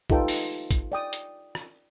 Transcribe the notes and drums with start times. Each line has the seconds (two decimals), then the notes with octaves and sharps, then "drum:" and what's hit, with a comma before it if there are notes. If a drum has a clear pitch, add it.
0.10 D#4 F4 G4 A4 B4 G5, drum: kick
0.28 drum: open hi-hat
0.71 drum: kick, hi-hat
0.92 D5 G5 D#6
1.13 drum: hi-hat
1.55 drum: rim click